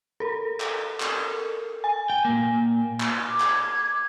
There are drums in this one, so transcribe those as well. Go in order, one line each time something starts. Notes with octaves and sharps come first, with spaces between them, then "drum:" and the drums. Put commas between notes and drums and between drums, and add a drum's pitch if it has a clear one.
A4 A#4
drum: clap
drum: clap
G#5
G5
A#2 A#3
drum: clap
D6 G#6
drum: clap